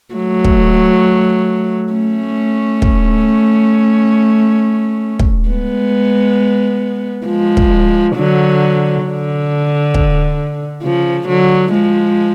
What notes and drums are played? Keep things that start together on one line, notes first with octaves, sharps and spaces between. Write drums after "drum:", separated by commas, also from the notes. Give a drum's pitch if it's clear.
F#3 A3
drum: kick
A3 C#4
drum: kick
drum: kick
G#3 B3
F3 G#3
drum: kick
D3 F#3
D3
drum: kick
C#3 F3
D3 F#3
F3 G#3